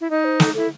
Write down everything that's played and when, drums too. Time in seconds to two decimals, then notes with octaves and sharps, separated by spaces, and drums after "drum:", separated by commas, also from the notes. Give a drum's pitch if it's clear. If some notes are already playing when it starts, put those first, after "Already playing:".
0.01 E4
0.10 D#4 D#5
0.25 C5
0.40 A4, drum: snare
0.54 E4 A4